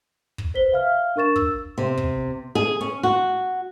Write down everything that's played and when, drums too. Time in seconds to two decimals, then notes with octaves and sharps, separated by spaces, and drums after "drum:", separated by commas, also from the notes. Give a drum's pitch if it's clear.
0.38 drum: kick
0.54 B4 C5 B6 G7
0.72 E5 F5 F6
1.16 D4 A#4 C#6 A6 E7
1.36 E6, drum: kick
1.78 C3
1.97 drum: kick
2.55 G#4
2.81 C#4
3.03 F#4